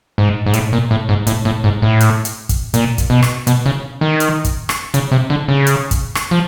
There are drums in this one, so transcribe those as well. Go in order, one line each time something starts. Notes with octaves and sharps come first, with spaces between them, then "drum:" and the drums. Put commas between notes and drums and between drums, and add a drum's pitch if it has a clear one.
G#2
G#2
A2, drum: hi-hat
A#2
A2
G#2
A2, drum: hi-hat
A2
G#2
A2
drum: hi-hat
drum: hi-hat
drum: kick, hi-hat
A#2, drum: hi-hat
drum: kick, hi-hat
B2
drum: rim click
B2, drum: hi-hat
C#3
D#3
drum: hi-hat
drum: kick, hi-hat
drum: rim click
C#3, drum: hi-hat
C3
D3
C#3
drum: hi-hat
drum: kick, hi-hat
drum: rim click
F3